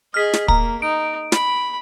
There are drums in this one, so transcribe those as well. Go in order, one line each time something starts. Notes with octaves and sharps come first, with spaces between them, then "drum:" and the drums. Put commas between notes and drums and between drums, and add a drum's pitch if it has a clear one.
G#4 D#5 F6 B6
drum: snare
A#3 A#5, drum: kick
D#4 D7
B5, drum: snare